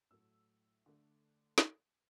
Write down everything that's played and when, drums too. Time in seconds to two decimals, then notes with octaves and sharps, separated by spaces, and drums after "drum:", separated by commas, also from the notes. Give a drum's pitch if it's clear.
0.11 A2 F#3 A3 E6
0.86 D3 A3
1.58 drum: snare